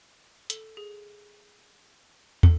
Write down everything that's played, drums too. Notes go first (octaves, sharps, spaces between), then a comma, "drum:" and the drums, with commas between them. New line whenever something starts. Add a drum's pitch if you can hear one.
A4, drum: hi-hat
G#4
A4, drum: tom